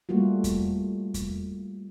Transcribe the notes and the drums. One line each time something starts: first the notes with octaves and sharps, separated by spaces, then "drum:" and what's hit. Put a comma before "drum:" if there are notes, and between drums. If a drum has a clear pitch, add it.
G3 A3 A#3 F4 F#4
drum: kick E2, hi-hat
drum: kick E2, hi-hat